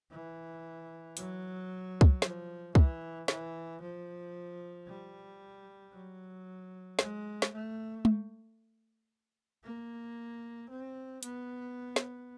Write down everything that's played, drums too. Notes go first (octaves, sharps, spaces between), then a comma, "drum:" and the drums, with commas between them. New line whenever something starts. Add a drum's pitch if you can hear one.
E3
F#3, drum: hi-hat
drum: kick
F3, drum: snare
E3, drum: kick
E3, drum: snare
F3
G3
F#3
G#3, drum: snare
drum: snare
A3
drum: tom G#3
A#3
C4
B3, drum: hi-hat
drum: snare